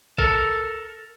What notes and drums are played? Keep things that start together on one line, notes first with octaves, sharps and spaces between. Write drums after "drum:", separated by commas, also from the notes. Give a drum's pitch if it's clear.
A4 A#4, drum: kick A#1